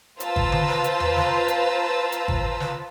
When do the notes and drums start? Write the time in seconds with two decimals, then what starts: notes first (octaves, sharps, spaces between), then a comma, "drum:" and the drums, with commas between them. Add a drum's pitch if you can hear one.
0.20 F4 B4 C5 A5 A#5 E6, drum: hi-hat
0.36 drum: kick G#1
0.52 drum: tom D3
0.68 drum: snare
0.84 drum: hi-hat
1.00 drum: tom E2
1.16 drum: snare
1.48 drum: hi-hat
2.12 drum: hi-hat
2.28 drum: kick G#1
2.60 drum: snare